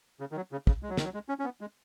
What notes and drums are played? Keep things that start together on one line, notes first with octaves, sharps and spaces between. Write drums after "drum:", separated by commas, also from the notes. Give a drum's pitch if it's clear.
C#3
D#3
F#3
C#3
C#3, drum: kick
G#3
F#3
D#3, drum: snare
F#3
G#3
C#4
C#4
B3
G#3